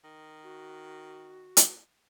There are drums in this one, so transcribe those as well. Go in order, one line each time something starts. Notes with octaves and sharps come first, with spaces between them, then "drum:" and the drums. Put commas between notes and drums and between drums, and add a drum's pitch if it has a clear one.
D#3
F#4
drum: hi-hat